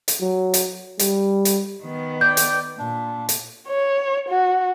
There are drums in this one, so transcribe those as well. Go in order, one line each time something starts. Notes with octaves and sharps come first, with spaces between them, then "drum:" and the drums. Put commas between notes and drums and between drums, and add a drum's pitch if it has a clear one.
drum: hi-hat
F#3
drum: hi-hat
G3, drum: hi-hat
drum: hi-hat
D#3 B3
D5 G5 G6
drum: hi-hat
A#2 D4
drum: hi-hat
C#5
F#4